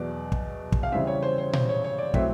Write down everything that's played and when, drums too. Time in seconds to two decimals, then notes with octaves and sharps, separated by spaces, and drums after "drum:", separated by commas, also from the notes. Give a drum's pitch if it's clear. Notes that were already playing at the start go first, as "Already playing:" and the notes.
Already playing: E2 B2 F#3 B3 D5
0.32 drum: kick
0.72 drum: kick
0.83 F5
0.92 C#3 E3 G3 C4 E5
1.07 C#5
1.23 C5
1.38 C5
1.53 C5, drum: tom A#2
1.69 C#5
1.84 C#5
1.98 D5
2.14 A2 F#3 A3 C4 E5, drum: kick